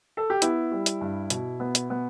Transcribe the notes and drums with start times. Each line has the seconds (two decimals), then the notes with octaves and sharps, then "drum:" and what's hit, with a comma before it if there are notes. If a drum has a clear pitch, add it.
0.17 A4
0.30 G4
0.42 B3 E4, drum: hi-hat
0.71 G3
0.86 drum: hi-hat
1.01 G2
1.30 B2, drum: hi-hat
1.60 B3
1.75 drum: hi-hat
1.90 B3